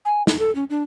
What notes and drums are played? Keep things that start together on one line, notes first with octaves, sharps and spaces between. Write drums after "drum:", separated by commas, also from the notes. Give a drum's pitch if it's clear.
G#5
D#4, drum: snare
A4
C#4
D4